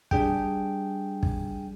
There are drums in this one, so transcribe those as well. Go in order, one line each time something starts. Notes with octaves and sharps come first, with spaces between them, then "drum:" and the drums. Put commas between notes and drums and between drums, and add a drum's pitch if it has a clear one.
G3 D4 G#4 G5, drum: kick
drum: kick